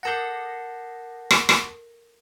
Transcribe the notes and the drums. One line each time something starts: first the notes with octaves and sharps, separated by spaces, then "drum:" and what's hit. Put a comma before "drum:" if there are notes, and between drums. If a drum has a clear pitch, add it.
A4 A#4 F#5 A5 G6 A#6
drum: rim click
drum: rim click